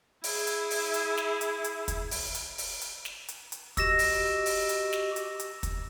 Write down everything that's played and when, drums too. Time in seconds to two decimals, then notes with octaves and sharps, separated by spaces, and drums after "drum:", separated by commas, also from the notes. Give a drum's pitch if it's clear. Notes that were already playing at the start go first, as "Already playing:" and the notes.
0.24 E4 G#4, drum: open hi-hat
0.47 drum: hi-hat
0.71 drum: open hi-hat
0.94 drum: hi-hat
1.17 drum: snare
1.41 drum: hi-hat
1.64 drum: hi-hat
1.88 drum: kick, hi-hat
2.11 drum: open hi-hat
2.35 drum: hi-hat
2.58 drum: open hi-hat
2.82 drum: hi-hat
3.05 drum: snare
3.28 drum: hi-hat
3.52 drum: hi-hat
3.77 F#4 G4 D#5 E6 A#6 E7, drum: kick, hi-hat
3.99 drum: open hi-hat
4.46 drum: open hi-hat
4.69 drum: hi-hat
4.93 drum: snare
5.16 drum: hi-hat
5.39 drum: hi-hat
5.63 drum: kick, hi-hat